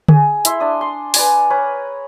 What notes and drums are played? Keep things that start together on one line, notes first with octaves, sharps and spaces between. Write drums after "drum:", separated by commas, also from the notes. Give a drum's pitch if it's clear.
G#4, drum: tom D3
E4 E5 C6, drum: hi-hat
D4 D#6
C6
B4 D5 G#5, drum: open hi-hat
A#4 B4 C#5 A#5